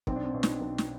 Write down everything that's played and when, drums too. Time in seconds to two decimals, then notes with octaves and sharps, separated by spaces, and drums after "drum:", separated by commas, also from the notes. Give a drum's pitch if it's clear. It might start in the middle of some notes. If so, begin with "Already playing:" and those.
0.07 B1 C4, drum: kick
0.16 D4
0.24 C4
0.34 B2
0.43 drum: snare
0.61 B1
0.78 drum: snare